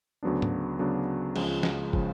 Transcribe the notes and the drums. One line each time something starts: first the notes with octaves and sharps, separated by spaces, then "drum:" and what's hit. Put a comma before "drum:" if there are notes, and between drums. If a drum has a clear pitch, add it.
D2 C#3 F#3 B3 D4
drum: tom
D2 C#3 F#3 B3 D4
C#2 C#3 F3 G#3, drum: cymbal
drum: snare
C#3 F3 G#3, drum: kick